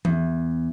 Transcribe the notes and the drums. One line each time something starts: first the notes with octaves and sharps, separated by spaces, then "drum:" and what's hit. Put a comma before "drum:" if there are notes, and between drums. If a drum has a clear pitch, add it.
E2, drum: tom E3